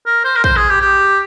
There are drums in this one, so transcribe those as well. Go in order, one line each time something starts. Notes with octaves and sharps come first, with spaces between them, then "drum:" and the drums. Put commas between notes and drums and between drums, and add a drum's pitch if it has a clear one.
A#4
C5
A#4
C5, drum: kick A#1
G#4
G4
G4